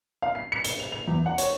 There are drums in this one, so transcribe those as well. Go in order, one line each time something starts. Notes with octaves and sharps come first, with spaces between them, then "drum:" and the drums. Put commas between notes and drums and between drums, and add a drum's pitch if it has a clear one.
F5
C7
C#7
G7, drum: hi-hat
F7
F7
E2
F#5
C#5, drum: hi-hat